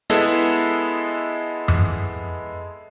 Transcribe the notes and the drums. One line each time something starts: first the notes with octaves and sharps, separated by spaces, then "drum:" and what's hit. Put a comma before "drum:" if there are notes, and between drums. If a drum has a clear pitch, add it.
G#3 B3 E4 A4 E5, drum: hi-hat
drum: tom F2